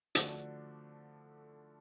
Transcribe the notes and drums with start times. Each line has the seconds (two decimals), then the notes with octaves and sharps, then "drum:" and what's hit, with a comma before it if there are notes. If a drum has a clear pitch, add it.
0.15 D3 F3 A3 D4 F#4, drum: hi-hat